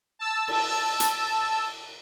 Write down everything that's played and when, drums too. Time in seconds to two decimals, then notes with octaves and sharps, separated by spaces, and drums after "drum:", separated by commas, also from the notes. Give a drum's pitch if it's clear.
0.19 A5 E6
0.48 drum: cymbal
1.00 drum: hi-hat